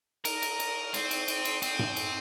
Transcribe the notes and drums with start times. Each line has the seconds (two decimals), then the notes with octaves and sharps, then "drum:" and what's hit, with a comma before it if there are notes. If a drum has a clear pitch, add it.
0.25 A#4, drum: cymbal
0.42 drum: cymbal
0.59 drum: cymbal
0.94 C4, drum: cymbal
1.11 drum: cymbal
1.28 drum: cymbal
1.45 drum: cymbal
1.62 C4, drum: cymbal
1.79 drum: tom G2
1.96 drum: cymbal